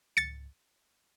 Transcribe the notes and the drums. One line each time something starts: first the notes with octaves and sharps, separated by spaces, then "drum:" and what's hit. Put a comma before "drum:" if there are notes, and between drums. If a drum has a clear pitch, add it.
A6 C#7, drum: tom C#2